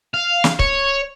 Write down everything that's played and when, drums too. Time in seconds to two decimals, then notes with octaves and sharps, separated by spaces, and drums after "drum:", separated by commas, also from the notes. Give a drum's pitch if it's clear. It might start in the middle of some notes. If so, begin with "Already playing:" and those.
0.14 F5
0.44 drum: snare
0.59 C#5, drum: kick C#1